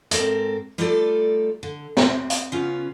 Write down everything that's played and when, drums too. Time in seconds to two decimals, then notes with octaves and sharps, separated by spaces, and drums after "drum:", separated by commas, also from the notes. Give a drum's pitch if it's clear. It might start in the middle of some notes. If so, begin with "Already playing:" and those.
0.11 G#2 C4 A4 A#4, drum: hi-hat
0.78 G3 A3 D#4 F4 A4 D5
1.63 D3
1.97 C4, drum: snare
2.30 drum: hi-hat
2.52 C#3 B3 C#4 F4